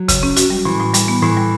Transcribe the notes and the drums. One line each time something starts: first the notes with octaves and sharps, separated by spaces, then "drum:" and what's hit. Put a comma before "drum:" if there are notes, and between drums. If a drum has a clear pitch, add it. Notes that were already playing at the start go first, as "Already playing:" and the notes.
Already playing: F#3
C#3, drum: kick, hi-hat
C#4
F#4, drum: hi-hat
G3
A2 E3
A2
G3, drum: hi-hat
B3
A2 E3
G3